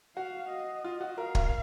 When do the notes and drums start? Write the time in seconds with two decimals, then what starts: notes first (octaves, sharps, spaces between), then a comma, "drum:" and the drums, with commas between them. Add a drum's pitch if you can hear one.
0.16 F#4 F5
0.50 D#5
0.84 F4
1.01 F#4
1.17 A#4 F5
1.35 A#4, drum: kick